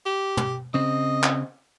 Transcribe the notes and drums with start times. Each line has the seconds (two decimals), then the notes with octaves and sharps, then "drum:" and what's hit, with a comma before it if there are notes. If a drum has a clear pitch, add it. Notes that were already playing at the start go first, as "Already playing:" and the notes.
0.06 G4
0.37 drum: tom
0.74 C#3 C4 D#5
1.23 drum: clap